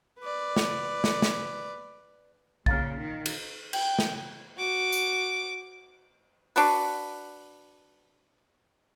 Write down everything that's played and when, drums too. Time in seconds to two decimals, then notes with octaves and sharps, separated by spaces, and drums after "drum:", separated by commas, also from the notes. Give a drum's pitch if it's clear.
0.19 B4 D5
0.56 drum: snare
1.04 drum: snare
1.22 drum: snare
2.66 A#2 C#3 F5 A#5 F6 A6, drum: kick
3.00 D#3
3.26 drum: cymbal
3.73 G5, drum: cymbal
3.99 drum: snare
4.57 F#4 D6
4.92 drum: tambourine
6.56 D4 F#4 B4, drum: open hi-hat